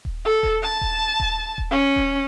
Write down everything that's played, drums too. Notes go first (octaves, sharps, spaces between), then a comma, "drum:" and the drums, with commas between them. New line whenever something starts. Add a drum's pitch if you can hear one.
drum: kick D#1
A4
drum: kick D#1
A5
drum: kick D#1
drum: kick D#1
drum: kick D#1
C#4
drum: kick D#1